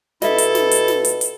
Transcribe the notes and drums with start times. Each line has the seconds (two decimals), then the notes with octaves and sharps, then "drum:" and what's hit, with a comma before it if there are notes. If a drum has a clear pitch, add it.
0.22 B2 E4 A4 D#5 E5, drum: snare
0.38 drum: hi-hat
0.55 drum: snare
0.71 drum: hi-hat
0.88 drum: snare
1.05 drum: hi-hat
1.21 drum: hi-hat